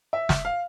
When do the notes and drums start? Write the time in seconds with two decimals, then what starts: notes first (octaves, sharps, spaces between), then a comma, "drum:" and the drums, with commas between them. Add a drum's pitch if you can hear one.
0.13 E5
0.29 drum: snare
0.45 F5